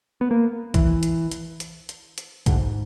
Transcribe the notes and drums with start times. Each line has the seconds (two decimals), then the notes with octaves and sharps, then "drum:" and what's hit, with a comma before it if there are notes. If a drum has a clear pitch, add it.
0.21 B3
0.31 A#3
0.74 E3, drum: kick, hi-hat
1.03 drum: hi-hat
1.31 drum: hi-hat
1.60 drum: hi-hat
1.89 drum: hi-hat
2.18 drum: hi-hat
2.46 G#2 D3, drum: kick, hi-hat